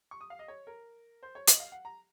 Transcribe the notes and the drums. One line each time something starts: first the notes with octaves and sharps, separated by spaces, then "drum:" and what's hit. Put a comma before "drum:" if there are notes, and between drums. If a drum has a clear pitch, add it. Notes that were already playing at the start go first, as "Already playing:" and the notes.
C#6
D#6
F5
D#5
C#5
A#4
C5
C#5
D#5, drum: hi-hat
F5
F#5
A#5